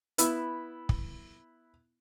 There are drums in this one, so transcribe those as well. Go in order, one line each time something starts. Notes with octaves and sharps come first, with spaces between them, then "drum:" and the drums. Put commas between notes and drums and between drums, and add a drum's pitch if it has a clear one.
B3 E4 E6, drum: hi-hat
drum: kick